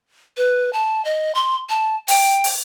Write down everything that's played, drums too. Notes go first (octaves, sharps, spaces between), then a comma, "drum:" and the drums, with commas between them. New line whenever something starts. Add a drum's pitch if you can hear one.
B4
A5
D#5
C6
A5
G5, drum: open hi-hat
drum: open hi-hat